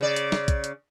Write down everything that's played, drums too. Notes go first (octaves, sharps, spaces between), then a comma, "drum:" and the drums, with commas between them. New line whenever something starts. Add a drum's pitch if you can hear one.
C#3 D5
drum: hi-hat
drum: snare
drum: kick, hi-hat
drum: hi-hat